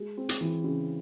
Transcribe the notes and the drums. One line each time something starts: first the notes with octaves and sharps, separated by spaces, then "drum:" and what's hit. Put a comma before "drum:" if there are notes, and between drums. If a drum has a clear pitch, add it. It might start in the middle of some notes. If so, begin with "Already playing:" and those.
Already playing: G#3
C4
drum: hi-hat
E3
C#3